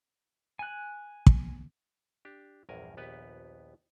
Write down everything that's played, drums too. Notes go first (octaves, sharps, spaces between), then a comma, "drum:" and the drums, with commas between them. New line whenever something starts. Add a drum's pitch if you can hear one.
G#5 F#6
drum: kick
D4 G4
A#1 E2 G2 A#4 G#5
A#1 D#2 B3 G4 B4